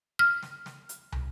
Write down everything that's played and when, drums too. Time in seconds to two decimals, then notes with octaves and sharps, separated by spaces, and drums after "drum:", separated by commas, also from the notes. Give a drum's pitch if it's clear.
0.19 F6
0.43 drum: snare
0.66 drum: snare
0.89 drum: hi-hat
1.12 drum: tom